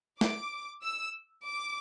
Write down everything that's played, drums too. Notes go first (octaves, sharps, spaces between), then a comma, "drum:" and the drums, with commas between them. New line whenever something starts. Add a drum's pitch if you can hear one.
D6, drum: snare
E6
D6